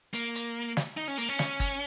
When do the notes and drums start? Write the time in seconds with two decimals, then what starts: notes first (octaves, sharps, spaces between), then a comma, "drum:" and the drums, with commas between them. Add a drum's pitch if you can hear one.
0.14 A#3, drum: hi-hat
0.35 drum: hi-hat
0.77 drum: snare
0.97 D#4
1.08 C#4
1.18 A#3, drum: hi-hat
1.29 C#4
1.39 drum: snare
1.60 drum: kick, hi-hat